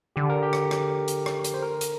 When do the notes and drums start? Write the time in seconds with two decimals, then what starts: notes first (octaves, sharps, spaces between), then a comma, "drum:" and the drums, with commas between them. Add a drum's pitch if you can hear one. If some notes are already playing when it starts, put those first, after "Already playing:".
0.16 D3 G4
0.30 A#4
0.43 G4
0.53 drum: rim click
0.71 drum: rim click
1.08 drum: hi-hat
1.26 drum: rim click
1.44 drum: hi-hat
1.54 C5
1.63 A#4
1.81 drum: hi-hat